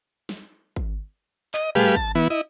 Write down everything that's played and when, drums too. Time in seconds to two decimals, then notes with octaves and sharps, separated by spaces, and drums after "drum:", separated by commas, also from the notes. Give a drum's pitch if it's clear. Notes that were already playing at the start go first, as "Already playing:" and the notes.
0.29 drum: snare
0.76 drum: kick G#1
1.54 D#5, drum: clap
1.75 G3 A3 G4 G#4 B4 F5, drum: tom
1.96 A5, drum: kick G#1
2.15 E3 B3 E4
2.30 E4 D#5